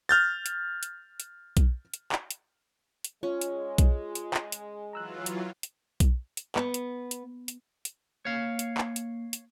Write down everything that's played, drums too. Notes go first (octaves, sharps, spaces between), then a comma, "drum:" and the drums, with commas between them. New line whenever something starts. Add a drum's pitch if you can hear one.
F6 G6 A6
drum: hi-hat
drum: hi-hat
drum: hi-hat
drum: kick B1, hi-hat
drum: hi-hat
drum: clap
drum: hi-hat
drum: hi-hat
G#3 C#4 F4
drum: hi-hat
drum: kick B1, hi-hat
drum: hi-hat
drum: clap
drum: hi-hat
E3 F#3 F4 A#5 E6 F#6
drum: hi-hat
drum: hi-hat
drum: kick B1, hi-hat
drum: hi-hat
B3, drum: clap
drum: hi-hat
drum: hi-hat
drum: hi-hat
drum: hi-hat
A#3 C#5 F5
drum: hi-hat
drum: clap
drum: hi-hat
drum: hi-hat